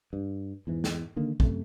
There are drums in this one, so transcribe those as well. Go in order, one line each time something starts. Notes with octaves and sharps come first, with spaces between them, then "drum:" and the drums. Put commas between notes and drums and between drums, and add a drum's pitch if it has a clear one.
G2
E2 G#2 E3
drum: snare
D3 D#3 A#3
F#2 C3 A3, drum: kick